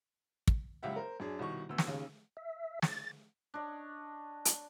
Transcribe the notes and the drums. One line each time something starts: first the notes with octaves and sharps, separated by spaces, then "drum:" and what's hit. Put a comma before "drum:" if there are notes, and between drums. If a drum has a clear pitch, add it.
drum: kick
F#1 C#2 G4 E5 F#5
A#4 C5
F#2 D4 G#4
C2 B2 D#3 C#6
D2 B3 E6
drum: snare
D#2 C#3
E5
A6, drum: snare
D4 C#5 D#5
drum: hi-hat